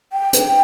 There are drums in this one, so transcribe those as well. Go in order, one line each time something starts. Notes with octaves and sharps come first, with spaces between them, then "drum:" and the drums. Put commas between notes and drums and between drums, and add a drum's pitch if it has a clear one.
G5
drum: hi-hat